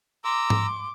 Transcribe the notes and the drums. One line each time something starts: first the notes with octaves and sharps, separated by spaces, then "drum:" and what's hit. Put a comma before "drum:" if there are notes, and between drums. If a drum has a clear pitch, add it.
A#5 C6 D6 E6
drum: tom G#2